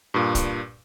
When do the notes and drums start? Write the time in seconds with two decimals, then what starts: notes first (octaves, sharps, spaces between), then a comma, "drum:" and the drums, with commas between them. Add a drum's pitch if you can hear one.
0.14 G2 A#2
0.35 drum: kick, hi-hat